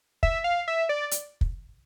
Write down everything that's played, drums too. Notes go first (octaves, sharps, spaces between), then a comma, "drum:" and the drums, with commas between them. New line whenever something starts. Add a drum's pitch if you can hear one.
E5, drum: kick
F5
E5
D5
drum: hi-hat
drum: kick